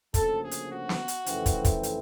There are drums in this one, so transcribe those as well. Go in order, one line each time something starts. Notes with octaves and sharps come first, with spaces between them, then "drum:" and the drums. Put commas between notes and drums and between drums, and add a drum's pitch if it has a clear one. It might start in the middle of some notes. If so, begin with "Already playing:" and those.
D2 C#3 F3 A#3 A4, drum: kick, hi-hat
G#4
drum: hi-hat
F#4
drum: snare
drum: hi-hat
F2 C#3 E3 A3 C4, drum: hi-hat
drum: kick, hi-hat
drum: kick, hi-hat
drum: hi-hat